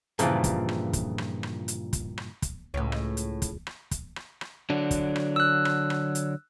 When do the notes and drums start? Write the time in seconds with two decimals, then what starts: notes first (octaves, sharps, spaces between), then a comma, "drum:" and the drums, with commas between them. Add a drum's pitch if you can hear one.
0.19 G2 A#2 C#3 E3 F3, drum: hi-hat
0.44 drum: kick, hi-hat
0.69 drum: rim click
0.93 drum: kick, hi-hat
1.18 drum: rim click
1.43 drum: rim click
1.68 drum: hi-hat
1.93 drum: kick, hi-hat
2.18 drum: rim click
2.42 drum: kick, hi-hat
2.74 C#2 A2 C#4
2.92 drum: rim click
3.17 drum: hi-hat
3.42 drum: kick, hi-hat
3.67 drum: rim click
3.91 drum: kick, hi-hat
4.16 drum: rim click
4.41 drum: rim click
4.70 D3 F#3 D4
4.91 drum: kick, hi-hat
5.16 drum: rim click
5.36 E6 F#6
5.65 drum: rim click
5.90 drum: rim click
6.15 drum: hi-hat